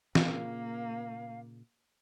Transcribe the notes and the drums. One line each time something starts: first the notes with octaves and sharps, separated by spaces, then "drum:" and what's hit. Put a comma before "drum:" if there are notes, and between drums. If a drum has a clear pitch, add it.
A#2 C#3 A#3 F5, drum: snare